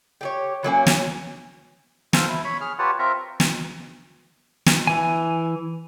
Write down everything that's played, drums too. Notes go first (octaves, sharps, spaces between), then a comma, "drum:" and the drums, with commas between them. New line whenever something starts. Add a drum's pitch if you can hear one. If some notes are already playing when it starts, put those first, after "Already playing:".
G4 G#4 C#5
E3 F#3 A#3 C#4
drum: snare
A4 C5 F5, drum: snare
E4
C#5 B5
G#4 F6
F4 G4 B4 C#5 F#5 A5
C4 F4 A#4 E5 A#5
drum: snare
drum: snare
E3 G#5